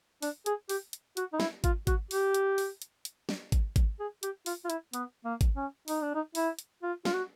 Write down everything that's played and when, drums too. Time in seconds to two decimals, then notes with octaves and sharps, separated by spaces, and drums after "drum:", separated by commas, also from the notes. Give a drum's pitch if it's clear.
0.22 D4, drum: open hi-hat
0.46 G#4, drum: hi-hat
0.69 G4, drum: open hi-hat
0.93 drum: hi-hat
1.17 F#4, drum: hi-hat
1.33 D#4
1.40 E4, drum: snare
1.64 F4, drum: kick G#1, hi-hat
1.87 F#4, drum: kick G#1, hi-hat
2.11 G4, drum: open hi-hat
2.34 drum: hi-hat
2.58 drum: open hi-hat
2.82 drum: hi-hat
3.05 drum: hi-hat
3.29 drum: snare
3.52 drum: kick G#1, hi-hat
3.76 drum: kick G#1, hi-hat
4.00 G#4
4.23 G4, drum: hi-hat
4.46 F4, drum: open hi-hat
4.65 F4
4.70 E4, drum: hi-hat
4.94 B3, drum: hi-hat
5.25 A#3
5.41 drum: kick G#1, hi-hat
5.56 C#4
5.88 D#4, drum: open hi-hat
6.02 D4
6.15 D#4
6.35 E4, drum: open hi-hat
6.59 drum: hi-hat
6.83 F4
7.05 F4, drum: snare
7.13 F#4